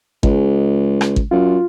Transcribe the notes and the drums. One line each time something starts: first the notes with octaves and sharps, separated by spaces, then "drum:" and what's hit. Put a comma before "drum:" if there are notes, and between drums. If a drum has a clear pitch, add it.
C#2 G#3, drum: kick
drum: rim click
drum: kick
F#2 F4